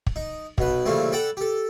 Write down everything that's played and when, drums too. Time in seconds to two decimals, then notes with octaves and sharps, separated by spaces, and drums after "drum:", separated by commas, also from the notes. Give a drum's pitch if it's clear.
0.07 drum: kick
0.16 D#4
0.58 B1 B2 B4, drum: kick
0.86 A#2 C#3 E3 G3 A3 C4
1.12 A4 D5 F#5 G5 A5 B5
1.37 G4 A4